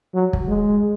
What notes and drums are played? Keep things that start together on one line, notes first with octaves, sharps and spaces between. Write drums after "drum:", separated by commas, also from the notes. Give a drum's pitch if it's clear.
F#3
drum: kick
G#3